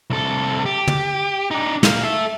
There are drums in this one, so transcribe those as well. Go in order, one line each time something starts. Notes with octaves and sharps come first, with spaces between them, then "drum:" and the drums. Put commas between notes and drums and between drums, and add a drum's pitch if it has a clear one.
C2 A4
G4
drum: tom
D4 D#4
A#2 F5, drum: snare
A4 E5